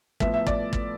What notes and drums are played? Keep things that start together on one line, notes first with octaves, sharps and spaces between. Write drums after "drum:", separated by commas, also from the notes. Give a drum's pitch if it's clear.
A2 F3 B3 E5, drum: kick
E5
D5, drum: kick
drum: kick